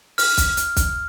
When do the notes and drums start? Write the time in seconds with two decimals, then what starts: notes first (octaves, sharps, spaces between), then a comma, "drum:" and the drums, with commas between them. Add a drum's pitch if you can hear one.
0.18 F6, drum: open hi-hat
0.38 drum: kick B1, hi-hat
0.57 drum: hi-hat
0.76 drum: kick B1, hi-hat